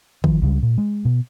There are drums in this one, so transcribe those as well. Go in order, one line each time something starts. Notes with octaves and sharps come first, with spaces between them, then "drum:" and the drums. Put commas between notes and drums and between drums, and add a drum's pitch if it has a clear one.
D#3 F3, drum: kick
C#2 C#3 G3
A#2
G#3
B2